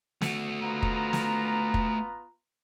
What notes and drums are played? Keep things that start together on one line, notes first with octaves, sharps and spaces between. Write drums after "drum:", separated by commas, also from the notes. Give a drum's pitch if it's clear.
A3 F#4, drum: snare
B3 F4 A#5
drum: kick
drum: snare
drum: kick